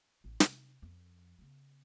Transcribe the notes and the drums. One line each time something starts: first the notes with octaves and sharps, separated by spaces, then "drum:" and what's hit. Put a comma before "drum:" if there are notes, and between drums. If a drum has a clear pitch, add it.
A1
C3, drum: snare
F2
C#3 B3